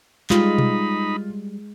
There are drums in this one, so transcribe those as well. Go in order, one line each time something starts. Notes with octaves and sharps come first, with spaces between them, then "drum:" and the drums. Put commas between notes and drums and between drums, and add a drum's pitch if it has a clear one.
G3 G#3 D#4 F4 B5, drum: clap
drum: tom B2